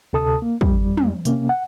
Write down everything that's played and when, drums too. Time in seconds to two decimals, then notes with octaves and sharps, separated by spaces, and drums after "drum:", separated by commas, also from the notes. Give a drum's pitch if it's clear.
0.13 D2 C3 A4 A5 D#6
0.42 A#3
0.61 F2 G3, drum: kick
0.97 drum: tom
1.25 C3 A#3 C#4, drum: hi-hat
1.49 F#5